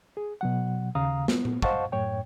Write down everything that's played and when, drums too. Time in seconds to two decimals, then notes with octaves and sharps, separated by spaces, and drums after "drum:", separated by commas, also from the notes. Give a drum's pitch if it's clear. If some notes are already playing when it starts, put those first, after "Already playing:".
0.17 G#4
0.41 B2 F#3 F#5
0.95 D#2 C#3 F5 A#5 D#6
1.28 B3, drum: snare
1.45 drum: tom A#2
1.62 C5 D#5 F5 F#5 A5 C#6, drum: kick
1.92 F#2 A2 C#5 G5